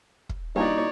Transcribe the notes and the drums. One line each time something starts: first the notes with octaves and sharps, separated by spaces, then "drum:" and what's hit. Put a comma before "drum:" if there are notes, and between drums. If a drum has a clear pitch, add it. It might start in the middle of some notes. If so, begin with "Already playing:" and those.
drum: kick
G2 A#3 D#4 E4 F#4 C#5 D5